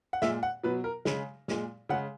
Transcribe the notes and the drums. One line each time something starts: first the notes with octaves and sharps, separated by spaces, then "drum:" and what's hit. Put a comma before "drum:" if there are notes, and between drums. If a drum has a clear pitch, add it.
F#5
A#2 G#3 E5, drum: snare
F#5
B2 F#3 B4
A#4
C#3 G#3, drum: snare
A#2 G#3, drum: snare
C#3 G#3 F#5